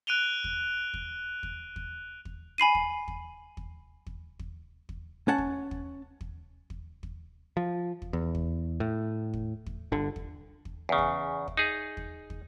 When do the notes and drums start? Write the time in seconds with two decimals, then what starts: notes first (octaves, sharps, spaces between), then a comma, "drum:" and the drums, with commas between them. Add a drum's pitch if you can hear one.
0.07 F#6 D7 D#7 F7 G7
0.44 drum: kick
0.94 drum: kick
1.43 drum: kick
1.76 drum: kick
2.25 drum: kick
2.58 G#5 B5 C7 D#7
2.75 drum: kick
3.08 drum: kick
3.57 drum: kick
4.06 drum: kick
4.39 drum: kick
4.89 drum: kick
5.28 C#4 F#5 A5
5.38 drum: kick
5.71 drum: kick
6.21 drum: kick
6.70 drum: kick
7.03 drum: kick
7.57 F3
8.02 drum: kick
8.13 E2
8.35 drum: kick
8.80 A2
9.33 drum: kick
9.66 drum: kick
9.92 G1 D3
10.16 drum: kick
10.65 drum: kick
10.89 E2 C#3
10.98 drum: kick
11.48 drum: kick
11.57 D#4 G#4
11.97 drum: kick
12.30 drum: kick